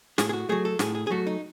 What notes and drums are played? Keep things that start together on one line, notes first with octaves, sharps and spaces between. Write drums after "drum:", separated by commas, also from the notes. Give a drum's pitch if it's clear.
A2 G#4, drum: snare
G#4
F#4
F#3 A3 G#4
A4
A2 G#4, drum: snare
G#4
G#4
F#3 A3 F#4
D#4